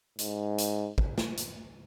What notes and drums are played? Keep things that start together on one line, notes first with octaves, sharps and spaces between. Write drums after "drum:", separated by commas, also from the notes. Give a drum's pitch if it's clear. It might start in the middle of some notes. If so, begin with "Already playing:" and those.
G#2, drum: hi-hat
drum: hi-hat
drum: kick
drum: snare
drum: hi-hat